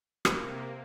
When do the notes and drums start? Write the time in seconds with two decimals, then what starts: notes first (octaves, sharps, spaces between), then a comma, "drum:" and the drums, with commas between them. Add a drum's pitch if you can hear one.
0.25 C3 A#3, drum: rim click